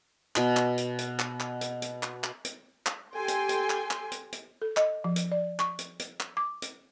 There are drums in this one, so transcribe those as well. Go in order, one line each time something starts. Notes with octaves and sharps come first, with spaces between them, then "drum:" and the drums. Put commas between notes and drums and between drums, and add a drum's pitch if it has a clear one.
B2 B5, drum: clap
drum: clap
drum: hi-hat
drum: hi-hat
drum: clap
drum: clap
drum: hi-hat
drum: hi-hat
drum: clap
drum: clap
drum: hi-hat
drum: clap
G4 A4 G5 G#5 C6
drum: hi-hat
drum: hi-hat
drum: clap
drum: clap
drum: hi-hat
drum: hi-hat
A4
D#5, drum: clap
F3
drum: hi-hat
D5
C#6, drum: clap
drum: hi-hat
drum: hi-hat
drum: clap
D6
drum: hi-hat